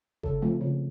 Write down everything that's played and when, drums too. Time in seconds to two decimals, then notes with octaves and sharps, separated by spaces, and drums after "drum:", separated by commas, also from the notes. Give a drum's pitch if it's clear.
0.23 C#3 A4, drum: kick G1
0.42 F3 A3 C4
0.61 C#3